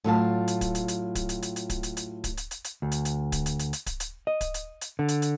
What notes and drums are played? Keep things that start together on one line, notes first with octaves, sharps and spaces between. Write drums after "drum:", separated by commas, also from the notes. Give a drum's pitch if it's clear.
A2 F#3 F4 A5
drum: hi-hat
drum: kick D1, hi-hat
drum: hi-hat
drum: hi-hat
drum: kick D1, hi-hat
drum: hi-hat
drum: hi-hat
drum: hi-hat
drum: kick D1, hi-hat
drum: hi-hat
drum: hi-hat
drum: kick D1, hi-hat
drum: hi-hat
drum: hi-hat
drum: hi-hat
D2
drum: hi-hat
drum: hi-hat
drum: kick D1, hi-hat
drum: hi-hat
drum: hi-hat
drum: hi-hat
drum: kick D1, hi-hat
drum: hi-hat
D#5
drum: kick D1, hi-hat
drum: hi-hat
drum: hi-hat
D3
drum: hi-hat
drum: hi-hat